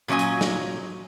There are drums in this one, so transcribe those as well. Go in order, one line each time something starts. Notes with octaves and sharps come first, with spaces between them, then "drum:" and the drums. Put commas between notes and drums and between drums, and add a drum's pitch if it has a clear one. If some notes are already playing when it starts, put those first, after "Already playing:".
A#2 F#3 C#4 D#5 G#5
drum: hi-hat
drum: snare